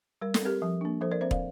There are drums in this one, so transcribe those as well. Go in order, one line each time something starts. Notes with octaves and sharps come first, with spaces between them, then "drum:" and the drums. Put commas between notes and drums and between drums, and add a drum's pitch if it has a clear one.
G3 A#4
A4, drum: snare
C4 G4 A#4
F3
A#3 D4
F3 A4 C5
A#4 D5
C4 C5 E5
D5 F5, drum: kick